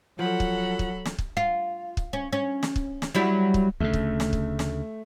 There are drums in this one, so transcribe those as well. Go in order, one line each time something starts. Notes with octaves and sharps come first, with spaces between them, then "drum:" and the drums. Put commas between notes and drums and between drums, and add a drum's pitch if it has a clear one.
F3 F#3 A4 F#5 B5
drum: kick
drum: kick
drum: snare
drum: kick
F4
drum: kick
C#4
C#4
drum: snare
drum: kick
drum: snare
F#3 G3 E4
drum: kick
D2 C#3 A3
drum: kick
drum: snare
drum: kick
drum: snare